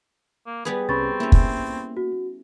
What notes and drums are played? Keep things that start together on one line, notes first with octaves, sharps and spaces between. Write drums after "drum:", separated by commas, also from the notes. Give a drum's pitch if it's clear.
A#3
G3 B3 G#4 B4
C2 C4 C#4 B5 C#6 A6
A#3 C#4 E4
drum: kick
F#4